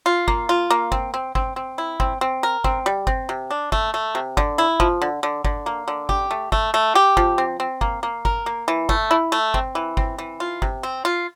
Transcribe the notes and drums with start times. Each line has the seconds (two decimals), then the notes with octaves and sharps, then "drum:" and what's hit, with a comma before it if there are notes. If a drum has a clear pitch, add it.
0.06 F4
0.28 A#3, drum: kick G1
0.49 F4
0.70 A#3
0.92 C4, drum: kick G1
1.14 C4
1.35 C4, drum: kick G1
1.56 C4
1.78 E4
2.00 C4, drum: kick G1
2.21 C4
2.43 A#4
2.64 C4, drum: kick G1
2.86 G3
3.07 C4, drum: kick G1
3.29 C3
3.51 D4
3.72 A3, drum: kick G1
3.94 A3
4.15 C3
4.37 D3, drum: kick G1
4.58 E4
4.80 F3, drum: kick G1
5.02 D3
5.23 D3
5.44 D3, drum: kick G1
5.66 A#3
5.88 D3
6.09 G4, drum: kick G1
6.31 A3
6.52 A3, drum: kick G1
6.74 A3
6.95 G4
7.17 F3, drum: kick G1
7.38 C4
7.60 C4
7.81 A#3, drum: kick G1
8.03 A#3
8.25 A#4, drum: kick G1
8.46 A#3
8.68 E3
8.89 A3, drum: kick G1
9.11 E4
9.32 A3
9.54 C4, drum: kick G1
9.75 E3
9.97 C4, drum: kick G1
10.18 E3
10.40 F4
10.62 C3, drum: kick G1
10.83 C4
11.05 F4